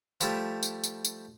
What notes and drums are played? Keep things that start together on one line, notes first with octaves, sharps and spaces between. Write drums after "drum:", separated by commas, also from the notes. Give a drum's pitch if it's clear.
F3 G3 A3 E4 G4, drum: tambourine
drum: tambourine
drum: tambourine
drum: tambourine